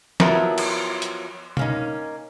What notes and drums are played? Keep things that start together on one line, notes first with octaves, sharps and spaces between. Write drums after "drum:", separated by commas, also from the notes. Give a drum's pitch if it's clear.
F3 F#3 B3 E4 G4 A#4, drum: snare
drum: cymbal
drum: hi-hat
A#3 C#4 D#4, drum: tom B2